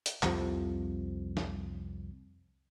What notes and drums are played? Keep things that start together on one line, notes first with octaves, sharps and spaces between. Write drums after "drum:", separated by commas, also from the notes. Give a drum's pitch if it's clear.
drum: hi-hat
C2 F2 C3 F3, drum: clap
drum: snare